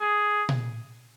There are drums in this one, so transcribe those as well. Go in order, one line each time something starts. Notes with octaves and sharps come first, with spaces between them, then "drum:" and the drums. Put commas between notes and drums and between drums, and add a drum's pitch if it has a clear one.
G#4
drum: tom A#2